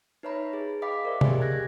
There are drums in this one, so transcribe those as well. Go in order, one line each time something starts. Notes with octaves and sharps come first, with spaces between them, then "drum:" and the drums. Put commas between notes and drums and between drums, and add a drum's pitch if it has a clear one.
D#4 B4 C#5 E5 A#5 B5
G#4
D#5 F5 G5 B5 D6 B6
A#4 C5 D5 E5
G4 G#4 D5 D#5 G#5, drum: tom
F#6 G#6 A#6